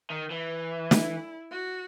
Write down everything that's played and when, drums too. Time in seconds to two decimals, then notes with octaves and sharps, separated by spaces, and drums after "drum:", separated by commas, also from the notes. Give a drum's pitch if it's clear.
0.10 D#3
0.30 E3
0.91 E4, drum: snare
1.51 F#4